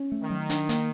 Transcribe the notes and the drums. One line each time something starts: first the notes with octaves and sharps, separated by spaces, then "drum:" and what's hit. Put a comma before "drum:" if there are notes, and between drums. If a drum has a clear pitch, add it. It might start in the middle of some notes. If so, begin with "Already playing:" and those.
Already playing: C#4
A3
D#3
F#3
D4, drum: hi-hat
A#3, drum: hi-hat